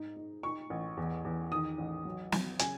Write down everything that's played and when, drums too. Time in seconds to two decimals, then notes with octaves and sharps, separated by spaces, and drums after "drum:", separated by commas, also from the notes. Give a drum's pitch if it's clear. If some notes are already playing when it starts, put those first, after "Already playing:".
Already playing: G#2 D#4
0.16 D#4
0.43 D#4 C#6
0.70 A1
0.97 E2
1.25 E2
1.51 D#3 D#6
1.78 A1
2.05 F#3
2.32 F#3, drum: snare
2.59 C#3 G#5, drum: hi-hat